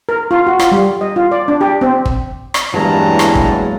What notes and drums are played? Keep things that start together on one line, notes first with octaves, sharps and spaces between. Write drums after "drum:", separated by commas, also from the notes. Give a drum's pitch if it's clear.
A#4
F4
F#4
F4, drum: rim click
G3
D#5
F4
D5
D4
G4
C4
drum: kick
drum: rim click
E2 G2 E3 F#3 G#3 A#3 A5 A#5
drum: rim click
drum: kick